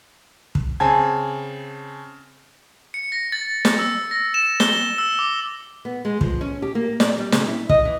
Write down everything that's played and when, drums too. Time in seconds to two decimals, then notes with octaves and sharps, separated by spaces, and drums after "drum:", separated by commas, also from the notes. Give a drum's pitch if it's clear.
0.55 drum: kick
0.80 C#3 C4 G#5 A5 G#6
2.94 C#7
3.12 A#6
3.32 A6
3.65 drum: snare
3.79 E6
4.11 A#6
4.34 E7
4.60 G7, drum: snare
4.98 E6
5.19 D6
5.85 B3
6.05 G#3
6.21 F3, drum: kick
6.41 C#4
6.62 G4
6.75 A#3
7.00 D5, drum: snare
7.18 G3
7.32 C#3, drum: snare
7.47 E4
7.69 D#5, drum: kick
7.85 E3